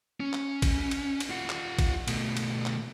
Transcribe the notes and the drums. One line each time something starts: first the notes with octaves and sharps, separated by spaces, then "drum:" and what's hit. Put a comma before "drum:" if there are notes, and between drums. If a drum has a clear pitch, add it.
C#4
drum: clap
drum: kick, cymbal
drum: cymbal
drum: cymbal
F4 F#5
drum: clap
drum: kick, cymbal
B2 A3, drum: cymbal
drum: cymbal
drum: clap